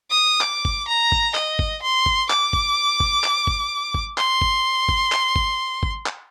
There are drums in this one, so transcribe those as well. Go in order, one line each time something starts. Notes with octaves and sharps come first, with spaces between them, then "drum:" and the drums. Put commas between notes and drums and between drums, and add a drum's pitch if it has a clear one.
D#6
D6, drum: clap
drum: kick G#1
A#5
drum: kick G#1
D#5, drum: clap
drum: kick G#1
C6
drum: kick G#1
D6, drum: clap
drum: kick G#1
drum: kick G#1
drum: clap
drum: kick G#1
drum: kick G#1
C6, drum: clap
drum: kick G#1
drum: kick G#1
drum: clap
drum: kick G#1
drum: kick G#1
drum: clap